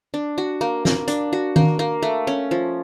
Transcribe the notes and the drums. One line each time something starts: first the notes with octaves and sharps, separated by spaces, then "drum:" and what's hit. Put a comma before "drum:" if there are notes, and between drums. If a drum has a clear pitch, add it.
D4
F#4
A#3
A#3, drum: snare F4
D4, drum: hi-hat
F#4
A#3, drum: tom D#3
A#3
A3
C#4
F3